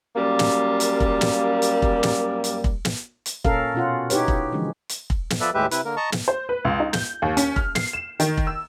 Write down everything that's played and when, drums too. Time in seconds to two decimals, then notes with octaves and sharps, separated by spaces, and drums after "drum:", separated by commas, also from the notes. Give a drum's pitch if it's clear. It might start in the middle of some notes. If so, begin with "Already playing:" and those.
0.15 F#2 G3 A#3
0.39 drum: snare
0.80 drum: hi-hat
1.00 drum: kick
1.21 drum: snare
1.62 drum: hi-hat
1.82 drum: kick
2.03 drum: snare
2.44 drum: hi-hat
2.64 drum: kick
2.85 drum: snare
3.26 drum: hi-hat
3.45 A#2 C#4 A4 A#4 F5, drum: kick
3.74 B2 C#4 F4 F#5
4.10 D#4 E4 G4 B4 C#5, drum: hi-hat
4.28 drum: kick
4.52 D3 E3 F3 G#3 C#4
4.89 drum: hi-hat
5.10 drum: kick
5.30 drum: snare
5.40 F3 B3 A4 B4 D5 E5
5.54 D#2 A2 G#3 G4 B4 E5
5.71 C3 E4 B4, drum: hi-hat
5.85 D3 A#3 A#4
5.97 D#5 A5 A#5 C#6
6.12 drum: snare
6.28 C5
6.49 B4
6.65 C#2
6.80 D#4
6.93 G6, drum: snare
7.22 D#2
7.37 C#4, drum: hi-hat
7.56 F6, drum: kick
7.75 C7, drum: snare
7.93 E7
8.20 D#3, drum: hi-hat
8.37 drum: kick
8.47 E6